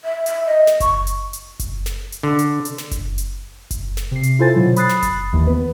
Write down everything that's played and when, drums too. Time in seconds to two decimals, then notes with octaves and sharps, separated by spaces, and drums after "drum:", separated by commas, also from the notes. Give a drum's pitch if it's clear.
0.04 E5
0.26 E5, drum: hi-hat
0.46 D#5
0.67 drum: snare
0.80 C#6, drum: kick F#1, hi-hat
1.07 drum: hi-hat
1.33 drum: hi-hat
1.59 drum: kick F#1, hi-hat
1.86 drum: snare
2.12 drum: hi-hat
2.23 D3
2.39 drum: hi-hat
2.65 drum: hi-hat
2.78 drum: snare
2.91 drum: kick F#1, hi-hat
3.18 drum: hi-hat
3.71 drum: kick F#1, hi-hat
3.97 drum: snare
4.11 C3 C7
4.23 drum: hi-hat
4.39 E4 F4 A4 C5 G#5 A6
4.56 B2 D3 F#3
4.76 B5 D#6 F#6 A6 C7, drum: hi-hat
4.89 drum: snare
5.02 drum: kick F#1, hi-hat
5.33 D#2 D#3 E3
5.47 B3 B4